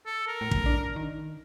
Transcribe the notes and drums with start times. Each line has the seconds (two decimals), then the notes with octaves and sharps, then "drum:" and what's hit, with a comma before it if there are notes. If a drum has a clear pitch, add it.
0.06 A4
0.27 A#4
0.41 A2
0.51 drum: kick
0.66 D4
0.96 D#3